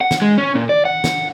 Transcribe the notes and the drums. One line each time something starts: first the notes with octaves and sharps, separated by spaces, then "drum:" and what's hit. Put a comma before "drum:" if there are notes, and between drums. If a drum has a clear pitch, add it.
F#5
drum: snare
G#3
C#4
A#2
D5
F#5
drum: snare